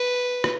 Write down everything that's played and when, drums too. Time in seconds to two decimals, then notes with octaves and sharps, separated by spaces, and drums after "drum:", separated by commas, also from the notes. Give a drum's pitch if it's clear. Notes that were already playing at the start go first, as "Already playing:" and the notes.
Already playing: B4
0.44 drum: rim click